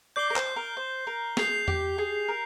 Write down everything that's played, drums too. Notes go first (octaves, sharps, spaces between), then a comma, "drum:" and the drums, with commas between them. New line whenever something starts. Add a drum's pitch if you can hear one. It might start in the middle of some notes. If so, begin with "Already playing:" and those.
D5 G6 C7 G7
A#4
C5, drum: clap
A#4
C5
A#4
G#4 G6 C7 F7, drum: snare
G4, drum: tom E2
G#4
A#4